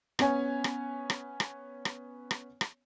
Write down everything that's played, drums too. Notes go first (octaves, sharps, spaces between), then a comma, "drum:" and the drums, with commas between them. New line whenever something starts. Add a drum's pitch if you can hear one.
B3 C#4 C#5 G#5, drum: rim click
drum: rim click
drum: rim click
drum: rim click
drum: rim click
drum: rim click
drum: rim click